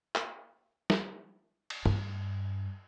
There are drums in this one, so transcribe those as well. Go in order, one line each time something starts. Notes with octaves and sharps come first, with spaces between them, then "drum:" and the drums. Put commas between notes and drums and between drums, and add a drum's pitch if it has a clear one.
drum: clap
drum: snare
drum: cymbal
G2, drum: tom